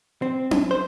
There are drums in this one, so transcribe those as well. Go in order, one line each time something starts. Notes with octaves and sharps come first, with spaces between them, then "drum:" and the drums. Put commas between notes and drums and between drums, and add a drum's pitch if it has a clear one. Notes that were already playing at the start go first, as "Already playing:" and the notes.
C4
drum: tom C#4
C5